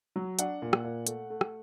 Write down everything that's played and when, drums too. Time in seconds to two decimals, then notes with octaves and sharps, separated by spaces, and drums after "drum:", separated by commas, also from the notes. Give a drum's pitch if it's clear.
0.16 F#3
0.39 D4 F#5, drum: hi-hat
0.62 A#2
0.73 drum: rim click
0.84 A#2
1.07 A3, drum: hi-hat
1.30 A3
1.41 drum: rim click